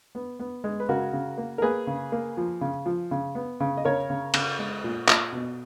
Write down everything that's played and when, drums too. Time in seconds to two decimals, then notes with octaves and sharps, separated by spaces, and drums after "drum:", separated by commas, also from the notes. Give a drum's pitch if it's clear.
0.15 B3
0.40 B3
0.64 G#3
0.80 B4
0.89 C#3 F#4 A#4
1.13 C#3
1.38 A#3
1.58 A#4
1.62 A#3 G#4 B4
1.87 C#3
2.12 A#3
2.37 F3
2.61 C#3
2.86 F3
3.11 C#3
3.35 B3
3.60 C#3
3.77 D#5
3.85 C#3 A#4 C#5
4.10 C#3
4.34 C#3, drum: cymbal
4.59 G#3
4.84 A#2
5.08 A#2, drum: clap
5.32 B2